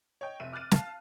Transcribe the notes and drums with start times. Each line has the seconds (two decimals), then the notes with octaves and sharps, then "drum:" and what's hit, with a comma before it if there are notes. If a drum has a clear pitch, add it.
0.21 C#5 D#5 G5
0.40 F1 E5 D#7
0.52 D6 F6 F#6 A6 D#7
0.71 F5 A5 F6, drum: snare